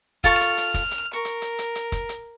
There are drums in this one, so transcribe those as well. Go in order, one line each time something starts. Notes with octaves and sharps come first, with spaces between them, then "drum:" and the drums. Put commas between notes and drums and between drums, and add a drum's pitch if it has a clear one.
F4 A4 C#6 F6, drum: kick, hi-hat
drum: hi-hat
drum: hi-hat
drum: kick, hi-hat
drum: hi-hat
A#4 C#6
drum: hi-hat
drum: hi-hat
drum: hi-hat
drum: hi-hat
drum: kick, hi-hat
drum: hi-hat